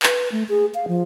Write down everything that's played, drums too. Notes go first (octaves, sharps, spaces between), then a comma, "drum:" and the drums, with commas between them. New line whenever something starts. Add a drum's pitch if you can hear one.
B4, drum: clap
A3
G#4
F5
F3